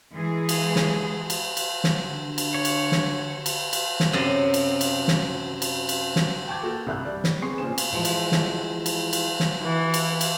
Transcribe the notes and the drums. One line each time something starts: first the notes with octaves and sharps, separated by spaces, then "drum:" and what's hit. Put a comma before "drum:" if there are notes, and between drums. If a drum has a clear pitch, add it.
E3 G#3 G#4
drum: cymbal
drum: snare
drum: cymbal
drum: cymbal
drum: snare
D3
drum: cymbal
C#5
drum: cymbal
drum: snare
drum: cymbal
drum: cymbal
drum: snare
F#2 C3
drum: cymbal
drum: cymbal
drum: snare
drum: cymbal
drum: cymbal
drum: snare
G5 A5 C#6 D6 G6 G#6
A#3 F#4 A4
C2 G2 E5 F#6 G6
G3 D5
drum: snare
B3 C4 G#4 C6 C#6 C7
A#2 C#3 C#4 C5 G#5 E7
drum: cymbal
E3 F3 G#3
drum: cymbal
drum: snare
drum: cymbal
drum: cymbal
drum: snare
E3 E4
drum: cymbal
drum: cymbal